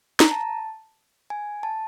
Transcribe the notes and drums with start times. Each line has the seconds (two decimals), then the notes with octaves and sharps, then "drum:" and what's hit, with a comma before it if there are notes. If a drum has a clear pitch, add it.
0.20 A#5, drum: snare
0.31 A5
1.30 G#5
1.63 A5